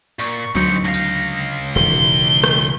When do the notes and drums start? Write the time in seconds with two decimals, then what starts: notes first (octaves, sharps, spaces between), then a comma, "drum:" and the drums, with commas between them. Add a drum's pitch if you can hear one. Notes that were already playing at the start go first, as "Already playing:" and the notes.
0.19 A#2 C#6, drum: tambourine
0.55 D2 F#3 C4 D#4 C#7
0.85 C#2 F5 A#6
0.94 drum: tambourine
1.76 E1 D#3 G7
2.44 drum: rim click